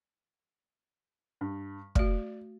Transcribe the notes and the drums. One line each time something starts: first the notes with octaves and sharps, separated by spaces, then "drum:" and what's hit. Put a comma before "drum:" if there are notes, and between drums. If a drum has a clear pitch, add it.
G2
A3 F#4 D5, drum: kick